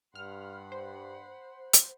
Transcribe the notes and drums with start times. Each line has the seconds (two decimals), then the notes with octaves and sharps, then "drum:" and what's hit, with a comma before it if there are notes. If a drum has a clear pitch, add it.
0.15 G2 F#5 B5 C6 F6
0.72 C5
1.73 drum: hi-hat